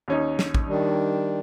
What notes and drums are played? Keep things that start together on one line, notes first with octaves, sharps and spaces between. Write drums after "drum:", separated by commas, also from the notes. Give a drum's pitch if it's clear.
D#2 C#4 D#4
drum: snare
drum: kick
D#3 G3 D4